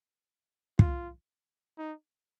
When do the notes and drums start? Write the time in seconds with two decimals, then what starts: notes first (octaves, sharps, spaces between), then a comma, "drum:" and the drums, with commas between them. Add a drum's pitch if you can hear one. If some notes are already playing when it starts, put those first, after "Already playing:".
0.79 F4, drum: kick
1.78 D#4